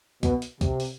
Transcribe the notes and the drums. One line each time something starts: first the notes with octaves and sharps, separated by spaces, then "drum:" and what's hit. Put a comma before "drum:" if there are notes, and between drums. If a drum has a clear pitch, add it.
B2, drum: kick C2, hi-hat
drum: hi-hat
C3, drum: kick C2, hi-hat
drum: open hi-hat